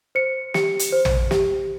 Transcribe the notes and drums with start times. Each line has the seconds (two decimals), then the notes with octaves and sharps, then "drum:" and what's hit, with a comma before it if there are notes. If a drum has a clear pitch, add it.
0.15 C5 C#7
0.54 G4 C#7, drum: snare
0.79 drum: hi-hat
0.93 C5
1.05 drum: tom
1.31 G4, drum: snare